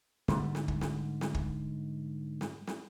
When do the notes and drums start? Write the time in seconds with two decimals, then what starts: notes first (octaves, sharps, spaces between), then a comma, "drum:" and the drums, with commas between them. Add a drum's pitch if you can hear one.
0.28 G#2 D3 G3, drum: snare
0.55 drum: snare
0.68 drum: kick
0.81 drum: snare
1.21 drum: snare
1.34 drum: kick
2.41 drum: snare
2.67 drum: snare